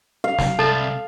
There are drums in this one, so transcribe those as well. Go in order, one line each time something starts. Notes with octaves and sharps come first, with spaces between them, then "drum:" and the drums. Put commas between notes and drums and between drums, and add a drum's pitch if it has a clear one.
F5
drum: snare
C2 A4 A5